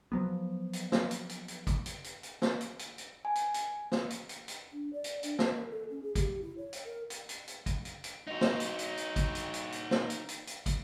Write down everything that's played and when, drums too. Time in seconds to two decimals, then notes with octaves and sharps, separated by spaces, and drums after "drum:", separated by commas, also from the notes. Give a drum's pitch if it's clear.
0.12 F3 F#3 B3
0.73 drum: hi-hat
0.92 drum: snare
1.11 drum: hi-hat
1.29 drum: hi-hat
1.48 drum: hi-hat
1.67 drum: kick, hi-hat
1.86 drum: hi-hat
2.04 drum: hi-hat
2.23 drum: hi-hat
2.42 drum: snare
2.61 drum: hi-hat
2.79 drum: hi-hat
2.98 drum: hi-hat
3.25 G#5
3.35 drum: hi-hat
3.54 drum: hi-hat
3.92 drum: snare
4.10 drum: hi-hat
4.29 drum: hi-hat
4.48 drum: hi-hat
4.72 D4
4.93 D5
5.04 drum: hi-hat
5.23 D4, drum: hi-hat
5.39 C5, drum: snare
5.56 A#4
5.71 A4
5.90 C#4
6.03 G#4
6.15 G4, drum: kick, hi-hat
6.42 E4
6.57 C#5
6.73 drum: hi-hat
6.84 A#4
7.10 drum: hi-hat
7.29 drum: hi-hat
7.48 drum: hi-hat
7.66 drum: kick, hi-hat
7.85 drum: hi-hat
8.04 drum: hi-hat
8.27 D#4 F#4
8.41 drum: snare
8.60 drum: hi-hat
8.79 drum: hi-hat
8.97 drum: hi-hat
9.16 drum: kick, hi-hat
9.35 drum: hi-hat
9.54 drum: hi-hat
9.72 drum: hi-hat
9.91 drum: snare
10.10 drum: hi-hat
10.28 drum: hi-hat
10.47 drum: hi-hat
10.66 drum: kick, hi-hat